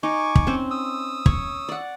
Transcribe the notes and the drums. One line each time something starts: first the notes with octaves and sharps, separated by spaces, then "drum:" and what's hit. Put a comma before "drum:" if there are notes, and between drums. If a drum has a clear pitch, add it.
D#4 G#5 C#6 D6
drum: kick
C4 C#4 C5
D#6 E6
C#5, drum: kick
D5 F#5